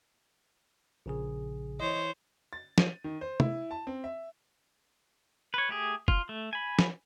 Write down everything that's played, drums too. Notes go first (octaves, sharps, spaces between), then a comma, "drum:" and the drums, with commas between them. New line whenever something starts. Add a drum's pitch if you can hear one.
A#1 C#3 G#4
E3 C5 C#5 D#5
A6
D#7, drum: snare
D#3
C5
E4, drum: tom
A5
C4
E5
B4 C#5
A3 G4 G#4
F4, drum: kick
A3
G#5 B5
drum: snare